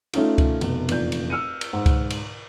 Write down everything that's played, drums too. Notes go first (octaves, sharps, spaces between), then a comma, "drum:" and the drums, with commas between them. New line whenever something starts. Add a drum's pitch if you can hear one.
A3 C#4 D#4 F4, drum: cymbal
drum: kick C#2, cymbal
F1 B2, drum: cymbal
F1 E2 A#2 D5 G6, drum: cymbal
drum: cymbal
E6 F6 C#7 D#7
drum: cymbal
G#2
drum: kick C#2, cymbal
drum: cymbal